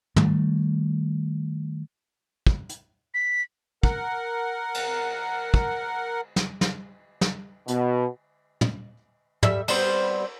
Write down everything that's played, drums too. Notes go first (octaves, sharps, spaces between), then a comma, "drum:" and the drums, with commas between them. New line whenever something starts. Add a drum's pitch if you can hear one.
D#3 G3 A3, drum: tom
drum: kick
drum: hi-hat
B6
A#4 F#5, drum: kick
drum: cymbal
drum: kick
drum: snare
drum: snare
drum: snare
B2, drum: hi-hat
drum: tom
G3 E5, drum: tom
G3 B3 C4 C5, drum: cymbal